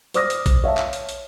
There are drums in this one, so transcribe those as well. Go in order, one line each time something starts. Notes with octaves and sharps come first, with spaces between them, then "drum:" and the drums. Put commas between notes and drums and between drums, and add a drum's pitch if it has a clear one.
C5 D5 D6 D#6 F6 A#6, drum: hi-hat
drum: hi-hat
drum: kick A#1, hi-hat
C#5 E5 F5 A5
drum: clap
drum: hi-hat
drum: hi-hat